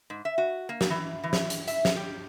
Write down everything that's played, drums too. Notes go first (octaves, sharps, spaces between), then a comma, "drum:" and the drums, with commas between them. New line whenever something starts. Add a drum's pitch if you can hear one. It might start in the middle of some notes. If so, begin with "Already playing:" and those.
G#2
E5
F#4
A#3
drum: snare
E3
E3
drum: snare
drum: hi-hat
E5, drum: hi-hat
drum: snare
G4